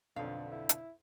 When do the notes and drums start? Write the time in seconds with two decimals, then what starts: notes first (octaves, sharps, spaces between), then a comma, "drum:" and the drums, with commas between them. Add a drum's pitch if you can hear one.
0.16 B1 F2 D3 D4 F5
0.52 E4
0.69 drum: hi-hat